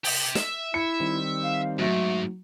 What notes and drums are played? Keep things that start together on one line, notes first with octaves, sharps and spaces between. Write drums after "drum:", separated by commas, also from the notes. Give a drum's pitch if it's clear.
C3 G4, drum: open hi-hat
E5, drum: snare
E4 C#7
D#3 G3 C4
F5
G#2 F#3 A3